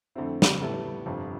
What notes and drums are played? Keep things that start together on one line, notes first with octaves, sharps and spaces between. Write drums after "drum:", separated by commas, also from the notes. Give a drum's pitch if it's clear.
F2 D3 A3 C4 E4
drum: snare
A2 G3 B3 E4 A4
G1 F2 C3 F3